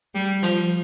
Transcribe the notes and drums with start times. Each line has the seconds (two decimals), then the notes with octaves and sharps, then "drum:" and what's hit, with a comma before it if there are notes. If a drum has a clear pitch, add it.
0.14 G3
0.43 F3, drum: hi-hat